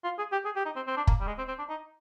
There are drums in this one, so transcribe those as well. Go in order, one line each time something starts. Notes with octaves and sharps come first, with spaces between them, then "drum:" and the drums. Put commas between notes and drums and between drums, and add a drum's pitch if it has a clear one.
F4
G#4
G4
G#4
G4
D#4
C4
C4
D4
A#3, drum: kick
G3
G#3
C4
C4
D4
D#4